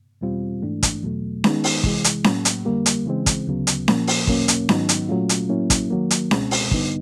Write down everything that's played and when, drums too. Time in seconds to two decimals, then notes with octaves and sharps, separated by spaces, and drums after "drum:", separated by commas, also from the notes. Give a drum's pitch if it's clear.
0.21 E2 B2 G3 C4 F4
0.62 G#2 E3 A3 D4
0.83 drum: kick, hi-hat
1.02 E2 B2 F#3 A3
1.44 D#3 G#3 B3 D#4, drum: snare C#4
1.64 drum: open hi-hat
1.84 C3 E3 G#3, drum: kick
2.04 drum: hi-hat
2.24 A2 F#3 A#3, drum: snare C#4
2.45 drum: hi-hat
2.65 F2 D3 G3 A#3
2.86 drum: hi-hat
3.06 C#3 E3 G#3 C4
3.26 drum: kick, hi-hat
3.47 D2 C#3 F#3 B3
3.67 drum: hi-hat
3.88 A#2 F3 A#3, drum: snare C#4
4.07 drum: open hi-hat
4.27 E2 B2 F#3 A#3 C#4, drum: kick
4.48 drum: hi-hat
4.69 G#2 D#3 F#3 B3 D#4, drum: snare C#4
4.89 drum: hi-hat
5.09 A#2 F#3 A3 C#4 F4
5.29 drum: hi-hat
5.49 A2 F#3 A#3 C#4 E4
5.70 drum: kick, hi-hat
5.90 D#3 F#3 A#3
6.11 drum: hi-hat
6.31 C#2 B2 G#3 C4, drum: snare C#4
6.51 drum: open hi-hat
6.71 G2 D3 G3 B3 D#4, drum: kick